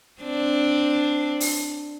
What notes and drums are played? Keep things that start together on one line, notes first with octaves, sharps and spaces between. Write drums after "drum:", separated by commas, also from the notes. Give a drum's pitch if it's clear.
C4 D4
drum: open hi-hat